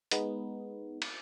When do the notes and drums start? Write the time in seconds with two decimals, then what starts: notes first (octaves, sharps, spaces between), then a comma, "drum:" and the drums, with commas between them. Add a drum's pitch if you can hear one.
0.11 G#3 B3 D#4, drum: hi-hat
1.02 drum: cymbal